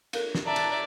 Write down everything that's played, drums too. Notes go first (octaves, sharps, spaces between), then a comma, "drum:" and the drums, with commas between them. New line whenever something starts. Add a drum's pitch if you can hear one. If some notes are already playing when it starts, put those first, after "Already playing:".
A4 A#4 F5, drum: cymbal
drum: snare
D5 E5 A5 A#5
drum: cymbal